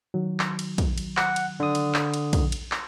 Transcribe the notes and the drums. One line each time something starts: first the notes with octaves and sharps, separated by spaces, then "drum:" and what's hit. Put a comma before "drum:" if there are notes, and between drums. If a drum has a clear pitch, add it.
D#3 F#3
drum: clap
drum: cymbal
drum: kick, cymbal
drum: cymbal
F#5, drum: clap
drum: cymbal
D3 D#6
drum: cymbal
drum: clap
drum: cymbal
drum: kick, cymbal
drum: cymbal
drum: clap